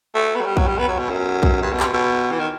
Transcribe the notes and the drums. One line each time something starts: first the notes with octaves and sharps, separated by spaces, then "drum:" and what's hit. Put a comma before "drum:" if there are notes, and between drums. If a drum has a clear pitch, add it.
A3
B3
F#3
G3
F#3, drum: kick B1
G3
B3
F#3
B2
F#2
drum: kick B1
G2
B2
C3, drum: clap
B2
B2
E3
D#3